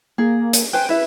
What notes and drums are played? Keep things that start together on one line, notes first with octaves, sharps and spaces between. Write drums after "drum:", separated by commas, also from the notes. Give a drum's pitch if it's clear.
A#3 G#4
drum: hi-hat
B4 C5 G5 G#5
E4 B4 E5